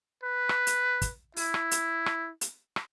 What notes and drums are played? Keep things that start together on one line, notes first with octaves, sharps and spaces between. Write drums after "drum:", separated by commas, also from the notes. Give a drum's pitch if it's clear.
B4
drum: rim click
drum: hi-hat
drum: kick, hi-hat
E4, drum: open hi-hat
drum: rim click
drum: hi-hat
drum: rim click
drum: hi-hat
drum: rim click